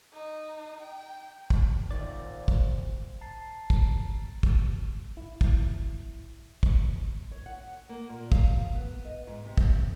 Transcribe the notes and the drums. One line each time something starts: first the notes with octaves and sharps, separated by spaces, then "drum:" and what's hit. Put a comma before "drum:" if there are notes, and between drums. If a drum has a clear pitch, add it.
D#4
G5
drum: kick
A#2 D3 D#3 A3 C4 D5
drum: kick
A5 A#5 A6 C7
drum: kick
drum: kick
E4
drum: kick
drum: kick
C#5
F#5
A#3
A#2
F5, drum: kick
B3
D#5
G#2
C3
A3, drum: kick